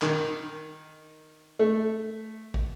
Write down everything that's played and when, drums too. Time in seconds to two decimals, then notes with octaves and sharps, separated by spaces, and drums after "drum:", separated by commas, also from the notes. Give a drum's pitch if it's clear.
0.02 D#3, drum: clap
1.59 A3
2.54 drum: kick